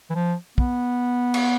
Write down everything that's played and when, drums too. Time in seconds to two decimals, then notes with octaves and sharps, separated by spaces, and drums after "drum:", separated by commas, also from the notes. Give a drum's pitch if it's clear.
0.10 E3
0.15 F3
0.58 B3, drum: kick
1.34 drum: cymbal